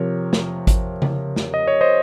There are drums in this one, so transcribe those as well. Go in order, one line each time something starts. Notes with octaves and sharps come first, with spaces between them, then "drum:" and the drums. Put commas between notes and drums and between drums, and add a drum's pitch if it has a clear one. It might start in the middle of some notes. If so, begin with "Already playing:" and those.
Already playing: C3 F3 A#4 C#5
drum: snare
drum: kick G#1, hi-hat
drum: tom C#3
drum: snare
D#5
C#5
C5 D#5